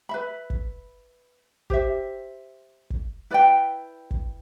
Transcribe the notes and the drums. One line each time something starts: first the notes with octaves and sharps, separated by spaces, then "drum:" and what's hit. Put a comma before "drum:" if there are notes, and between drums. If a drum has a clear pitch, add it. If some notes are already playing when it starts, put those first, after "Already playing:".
B4 E5 B5
drum: kick
G4 C5 E5, drum: kick
drum: kick
E4 B4 D5 G5
drum: kick